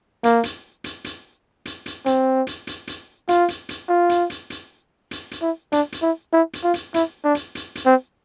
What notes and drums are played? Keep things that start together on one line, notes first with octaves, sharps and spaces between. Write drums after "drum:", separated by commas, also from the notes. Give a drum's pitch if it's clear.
A#3, drum: hi-hat
drum: hi-hat
drum: hi-hat
drum: hi-hat
drum: hi-hat
drum: hi-hat
C4, drum: hi-hat
drum: hi-hat
drum: hi-hat
drum: hi-hat
F4, drum: hi-hat
drum: hi-hat
drum: hi-hat
F4
drum: hi-hat
drum: hi-hat
drum: hi-hat
drum: hi-hat
drum: hi-hat
E4
D4, drum: hi-hat
drum: hi-hat
E4
E4
drum: hi-hat
F4
drum: hi-hat
E4, drum: hi-hat
D4
drum: hi-hat
drum: hi-hat
drum: hi-hat
C4